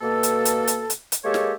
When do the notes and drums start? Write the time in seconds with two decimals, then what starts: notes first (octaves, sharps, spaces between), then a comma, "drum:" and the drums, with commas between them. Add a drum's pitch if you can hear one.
0.01 B2 A#3 A4
0.23 drum: hi-hat
0.45 drum: hi-hat
0.67 drum: hi-hat
0.90 drum: hi-hat
1.12 drum: hi-hat
1.24 G#3 A#3 G4 A4 C#5
1.34 drum: snare